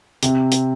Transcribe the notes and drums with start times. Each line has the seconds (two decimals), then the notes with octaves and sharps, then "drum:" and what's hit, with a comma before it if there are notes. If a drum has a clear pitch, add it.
0.23 C3, drum: hi-hat
0.52 drum: hi-hat